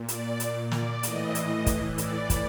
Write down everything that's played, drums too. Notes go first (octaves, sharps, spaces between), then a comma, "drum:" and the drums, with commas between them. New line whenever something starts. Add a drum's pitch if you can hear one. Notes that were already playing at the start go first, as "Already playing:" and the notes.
Already playing: A#2
D5, drum: hi-hat
A#2, drum: hi-hat
D5, drum: snare
A2 E3 D#5, drum: hi-hat
drum: hi-hat
A2 E3, drum: kick, hi-hat
D5, drum: hi-hat
drum: kick, hi-hat